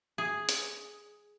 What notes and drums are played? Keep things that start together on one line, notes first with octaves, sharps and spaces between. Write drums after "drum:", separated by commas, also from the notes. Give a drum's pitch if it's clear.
G#4
drum: hi-hat